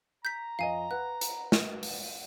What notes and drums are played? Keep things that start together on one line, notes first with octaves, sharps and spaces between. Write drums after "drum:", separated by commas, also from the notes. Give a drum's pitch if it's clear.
A#5 G6 B6
F2 D#5 F5 G#5
B4 F#5 F#6
drum: hi-hat
drum: snare
drum: open hi-hat